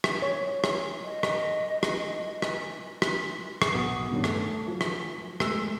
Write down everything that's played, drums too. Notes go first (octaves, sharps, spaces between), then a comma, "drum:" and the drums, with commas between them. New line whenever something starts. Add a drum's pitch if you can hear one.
drum: rim click
C#5
drum: rim click
D#5
drum: rim click
drum: rim click
drum: rim click
drum: rim click
drum: rim click
B1 B3 D#6
G2 D#3 G3 C#4 D4
A3, drum: rim click
F3 F#3
drum: rim click
G#3 A3 E6, drum: rim click